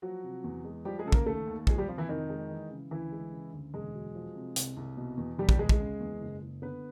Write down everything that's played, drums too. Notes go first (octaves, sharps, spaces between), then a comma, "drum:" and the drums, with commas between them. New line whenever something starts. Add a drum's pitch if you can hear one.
F3 F#3 F#4
C3
E2
G#3
F3 G3 G4
G#3 G#4
C#3 A4
A#3 A#4, drum: kick
D#2 A3 A4
D#2
F3 G#3 G#4, drum: kick
G3 G4
C3 F3 F4
E3 E4
F2 D#3 D#4
G#3
E3
C#3
D2 E3 E4
G#3
C#3
D2
E1 G#3 G#4
F#3
F3
C3
C2, drum: hi-hat
C2
B2
E2
E1 G3 G4
G3 G4, drum: kick
G#3 G#4
G#3 G#4, drum: kick
C#3
E2
F#1
F#1
D3 B3 B4